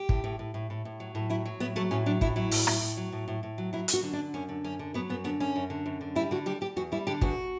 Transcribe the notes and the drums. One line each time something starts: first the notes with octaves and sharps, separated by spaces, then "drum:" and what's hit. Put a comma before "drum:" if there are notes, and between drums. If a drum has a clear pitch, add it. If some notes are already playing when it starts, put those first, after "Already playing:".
Already playing: G4
A2, drum: kick
A2
A2
A2
A2
A2
F#3
A2
F#3 E4
F#3
A2 B3
F#3 A3
A2 C#4
F#3 D4
A2 E4, drum: kick
F#3 E4
A2, drum: open hi-hat
A2, drum: rim click
A2
F#3
A2
A2
A2
F#3
F#3 E4
F#2, drum: hi-hat
F#4
D3
D4
F#3
F#2 C#4
D3
F#2 C#4
D3
F#3 B3
F#2 B3
D3 B3
F#2 C#4
F#2
D3
F#2
D3
G3 E4
D3 F#4
G3 G4
G3 G4
E2 F#4
G3 E4
D3 G4
E2 F#4, drum: kick